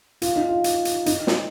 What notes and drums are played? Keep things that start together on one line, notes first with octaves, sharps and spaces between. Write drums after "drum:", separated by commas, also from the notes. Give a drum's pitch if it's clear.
F4, drum: hi-hat
D#4
F4
drum: hi-hat
drum: hi-hat
D#4, drum: hi-hat
drum: snare